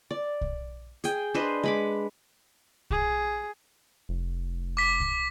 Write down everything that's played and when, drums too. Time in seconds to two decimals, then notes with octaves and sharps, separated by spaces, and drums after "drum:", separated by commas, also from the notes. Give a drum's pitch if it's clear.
0.11 D5
0.41 drum: kick B1
1.04 G#4 G5, drum: hi-hat
1.34 D4 B4 C5 D#5
1.63 G#3 B5 D6
2.90 G#4, drum: kick B1
4.09 F1
4.77 D6 B6
5.00 drum: kick B1